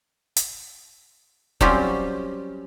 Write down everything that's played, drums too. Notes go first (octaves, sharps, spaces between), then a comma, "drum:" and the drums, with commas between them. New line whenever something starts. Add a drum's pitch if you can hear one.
drum: hi-hat
F#3 G3 C4 C#4 F4 G4, drum: kick E1